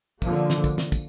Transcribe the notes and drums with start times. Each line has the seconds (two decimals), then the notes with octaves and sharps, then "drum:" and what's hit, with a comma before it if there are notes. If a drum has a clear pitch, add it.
0.22 D3 F3 A#3, drum: kick, tambourine
0.50 drum: snare
0.64 drum: kick, tambourine
0.78 drum: snare
0.92 drum: kick, tambourine